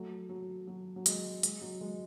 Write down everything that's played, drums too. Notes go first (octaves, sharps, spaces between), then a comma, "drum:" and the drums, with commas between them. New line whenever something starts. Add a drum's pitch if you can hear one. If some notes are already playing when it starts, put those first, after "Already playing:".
Already playing: F#3 A3
F#3
F#3
F#3
G#3, drum: hi-hat
G#3, drum: hi-hat
F#3
G#3